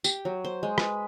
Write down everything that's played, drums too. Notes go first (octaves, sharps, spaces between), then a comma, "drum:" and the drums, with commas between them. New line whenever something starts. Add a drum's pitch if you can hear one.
G4, drum: tambourine
F#3
C5
G#3
B4, drum: rim click